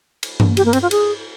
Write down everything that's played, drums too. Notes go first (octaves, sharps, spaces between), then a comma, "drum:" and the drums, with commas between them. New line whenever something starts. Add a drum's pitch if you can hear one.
drum: cymbal
drum: tom G2
G4, drum: cymbal
A#3
C4, drum: cymbal
F4
G#4, drum: cymbal